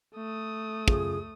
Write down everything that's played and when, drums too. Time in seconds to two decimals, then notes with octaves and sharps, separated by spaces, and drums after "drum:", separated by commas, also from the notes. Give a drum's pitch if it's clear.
0.15 A3 D#6
0.88 F#2 C#3 F4 G#4, drum: kick